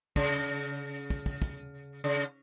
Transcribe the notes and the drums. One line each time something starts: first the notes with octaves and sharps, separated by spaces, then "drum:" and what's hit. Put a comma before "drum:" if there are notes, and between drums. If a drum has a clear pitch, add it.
C#3, drum: kick
drum: kick
drum: kick
drum: kick
C#3